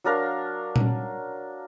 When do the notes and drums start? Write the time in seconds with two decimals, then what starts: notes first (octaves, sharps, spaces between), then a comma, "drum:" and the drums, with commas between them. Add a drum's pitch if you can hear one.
0.04 F#3 D4 A#4 F5
0.76 drum: tom A#2